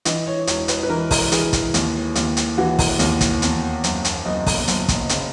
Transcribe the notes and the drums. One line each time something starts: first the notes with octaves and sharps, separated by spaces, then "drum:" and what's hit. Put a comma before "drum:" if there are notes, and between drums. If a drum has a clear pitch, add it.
E3 D#5, drum: hi-hat
C#5
E1 C#5, drum: hi-hat
B4, drum: hi-hat
B4
E3 A#4
drum: kick, open hi-hat
E3 G#4, drum: hi-hat
drum: kick, hi-hat
D#2, drum: hi-hat
D#2, drum: hi-hat
drum: hi-hat
E3 F#4
drum: kick, open hi-hat
D#2, drum: hi-hat
drum: kick, hi-hat
E2, drum: hi-hat
F#1, drum: hi-hat
drum: hi-hat
F#1 D#5
drum: kick, open hi-hat
F#1, drum: hi-hat
drum: kick, hi-hat
C#3, drum: hi-hat